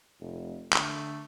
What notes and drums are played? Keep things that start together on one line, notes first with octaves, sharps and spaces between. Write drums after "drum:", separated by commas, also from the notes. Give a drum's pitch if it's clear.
F1
D3 A3, drum: clap